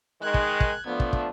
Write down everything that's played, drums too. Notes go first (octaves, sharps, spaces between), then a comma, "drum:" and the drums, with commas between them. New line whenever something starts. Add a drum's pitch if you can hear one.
D#3 G#3 F#6 G#6
drum: kick
drum: kick
F3 A3 B3 D4
drum: kick
drum: kick